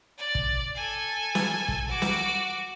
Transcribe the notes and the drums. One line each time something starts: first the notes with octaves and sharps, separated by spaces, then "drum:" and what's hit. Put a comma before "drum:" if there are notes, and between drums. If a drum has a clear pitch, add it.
D5
drum: kick
A4 G#5
drum: snare
drum: kick
F#4 D6
drum: snare